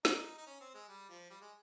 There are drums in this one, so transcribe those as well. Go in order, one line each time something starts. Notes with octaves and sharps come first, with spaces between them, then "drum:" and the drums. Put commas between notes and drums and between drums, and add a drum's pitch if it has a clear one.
D#4, drum: snare
D#4
C#4
C4
G#3
G3
F3
G3
G#3